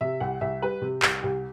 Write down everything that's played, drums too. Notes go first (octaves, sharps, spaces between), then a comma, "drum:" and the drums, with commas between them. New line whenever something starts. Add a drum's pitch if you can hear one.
C3 E5
C2 F#5
C2 E5
G3 B4
C3 G4
C2, drum: clap
C2 G4